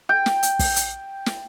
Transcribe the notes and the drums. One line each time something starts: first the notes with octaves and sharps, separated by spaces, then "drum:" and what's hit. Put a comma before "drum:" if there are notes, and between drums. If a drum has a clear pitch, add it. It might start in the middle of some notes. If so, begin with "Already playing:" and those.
G5
drum: snare
drum: hi-hat
drum: kick, open hi-hat
drum: hi-hat
drum: snare